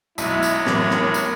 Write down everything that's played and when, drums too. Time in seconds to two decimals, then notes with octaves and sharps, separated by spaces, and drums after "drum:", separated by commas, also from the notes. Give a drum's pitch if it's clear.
0.18 B1 F#2 F#3 G#3 B3 E4, drum: tambourine
0.43 drum: tambourine
0.67 F#2 A2 E3 A#4, drum: snare
0.90 drum: snare
1.14 drum: tambourine